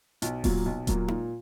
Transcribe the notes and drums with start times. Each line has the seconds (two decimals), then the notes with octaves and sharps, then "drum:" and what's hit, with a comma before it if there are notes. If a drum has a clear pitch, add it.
0.22 B1, drum: hi-hat
0.44 A#2 F#3 A#3, drum: kick D#1, open hi-hat
0.66 B1
0.87 A#2 F#3 A#3, drum: kick D#1, hi-hat
1.08 A#2, drum: tom D#4